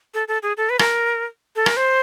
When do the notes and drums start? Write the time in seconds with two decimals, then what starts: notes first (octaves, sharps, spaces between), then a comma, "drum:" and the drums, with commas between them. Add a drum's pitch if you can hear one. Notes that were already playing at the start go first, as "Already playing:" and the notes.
0.14 A4
0.28 A4
0.43 G#4
0.57 A4
0.70 B4
0.79 A#4, drum: rim click
1.56 A4
1.66 A#4, drum: rim click
1.77 C5